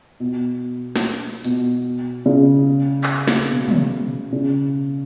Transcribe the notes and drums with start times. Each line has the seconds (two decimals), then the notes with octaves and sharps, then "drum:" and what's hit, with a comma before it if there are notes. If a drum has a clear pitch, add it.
0.20 B2
0.96 drum: snare
1.45 B2, drum: hi-hat
2.26 C#3
3.03 drum: clap
3.28 drum: snare
3.50 B2
3.69 drum: tom
4.32 C#3